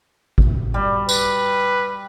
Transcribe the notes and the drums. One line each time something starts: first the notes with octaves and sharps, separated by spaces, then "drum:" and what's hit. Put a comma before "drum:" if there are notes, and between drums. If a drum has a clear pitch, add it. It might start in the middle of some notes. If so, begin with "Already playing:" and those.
drum: kick G#1
G3
B4, drum: tambourine